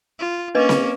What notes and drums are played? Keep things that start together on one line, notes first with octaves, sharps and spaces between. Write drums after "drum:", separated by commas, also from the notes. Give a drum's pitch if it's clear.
F4
A#3 C#4 D4 B4 D#5
drum: snare C4